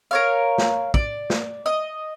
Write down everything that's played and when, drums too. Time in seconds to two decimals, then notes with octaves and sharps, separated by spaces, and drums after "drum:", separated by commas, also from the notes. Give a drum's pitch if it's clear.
0.11 A#4 C#5 F5
0.58 drum: snare
0.94 D5, drum: kick
1.30 drum: snare
1.66 D#5